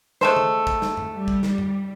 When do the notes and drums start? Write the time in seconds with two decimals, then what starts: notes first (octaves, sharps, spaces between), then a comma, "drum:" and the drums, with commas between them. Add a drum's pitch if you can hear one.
0.21 G#3 A3 C5, drum: snare
0.36 drum: tom D#3
0.67 drum: kick
0.82 drum: snare
0.97 drum: tom F#2
1.14 G3
1.28 drum: kick
1.43 drum: snare
1.58 drum: tom F#2